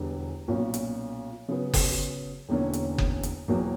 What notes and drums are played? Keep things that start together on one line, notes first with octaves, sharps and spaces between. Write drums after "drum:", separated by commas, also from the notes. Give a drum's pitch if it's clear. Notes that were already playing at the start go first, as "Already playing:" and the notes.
Already playing: E1 E2 D3 G3 B3
B1 A#2 A#3 C#4 F#4
drum: hi-hat
C#3 F#3 B3
drum: kick F#1, open hi-hat
E1 E2 D3 A#3 C#4
drum: hi-hat
drum: kick F#1
drum: hi-hat
E1 E2 B2 F#3 A#3